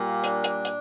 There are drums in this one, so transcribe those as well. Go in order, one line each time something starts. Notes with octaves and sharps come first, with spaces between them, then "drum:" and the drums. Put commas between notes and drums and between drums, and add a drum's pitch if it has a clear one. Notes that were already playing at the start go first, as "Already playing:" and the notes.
Already playing: A#2 G3 A#3
D4, drum: hi-hat
drum: hi-hat
drum: hi-hat